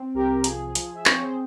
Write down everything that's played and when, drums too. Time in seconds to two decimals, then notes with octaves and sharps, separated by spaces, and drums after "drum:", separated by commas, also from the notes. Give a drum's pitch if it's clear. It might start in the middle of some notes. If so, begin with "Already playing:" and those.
Already playing: C4
0.14 C2 G4 A#4
0.44 F3 G#4, drum: hi-hat
0.75 F3, drum: hi-hat
0.95 E5
1.06 C4 C#5, drum: clap
1.22 C5